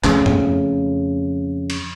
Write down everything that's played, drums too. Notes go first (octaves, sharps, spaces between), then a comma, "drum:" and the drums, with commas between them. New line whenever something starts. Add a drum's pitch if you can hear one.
F2 C#3 A3, drum: clap
drum: tom F2
drum: cymbal